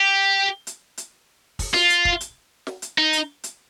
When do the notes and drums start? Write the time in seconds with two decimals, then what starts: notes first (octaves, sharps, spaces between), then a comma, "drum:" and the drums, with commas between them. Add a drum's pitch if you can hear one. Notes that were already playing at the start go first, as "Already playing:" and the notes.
Already playing: G4
0.67 drum: hi-hat
0.97 drum: hi-hat
1.59 drum: kick, open hi-hat
1.74 F4, drum: snare
1.90 drum: hi-hat
2.05 drum: kick
2.21 drum: hi-hat
2.67 drum: snare
2.82 drum: hi-hat
2.98 D#4
3.13 drum: hi-hat
3.44 drum: hi-hat